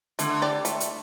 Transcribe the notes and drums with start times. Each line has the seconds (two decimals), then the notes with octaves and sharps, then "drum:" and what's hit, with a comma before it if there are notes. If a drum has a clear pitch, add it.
0.19 D3 A3, drum: hi-hat
0.42 G4 D5
0.65 A3, drum: hi-hat
0.80 drum: hi-hat